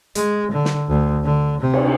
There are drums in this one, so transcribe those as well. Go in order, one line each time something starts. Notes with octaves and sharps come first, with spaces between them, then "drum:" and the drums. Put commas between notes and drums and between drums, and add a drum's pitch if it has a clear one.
G#3, drum: hi-hat
D3
drum: snare
D2
D3
C3
drum: cymbal